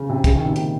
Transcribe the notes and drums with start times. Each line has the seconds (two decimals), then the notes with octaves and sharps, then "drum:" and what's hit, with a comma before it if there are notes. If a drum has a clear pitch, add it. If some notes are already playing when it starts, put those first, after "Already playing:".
Already playing: C#3
0.09 C3
0.24 C#3, drum: kick, hi-hat
0.36 D#3
0.46 C3
0.56 A#2, drum: hi-hat